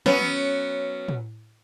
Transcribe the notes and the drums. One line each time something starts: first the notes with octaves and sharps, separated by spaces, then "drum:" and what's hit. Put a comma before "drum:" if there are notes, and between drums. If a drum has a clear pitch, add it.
F#3 B3 C#4, drum: snare
drum: tom
drum: tom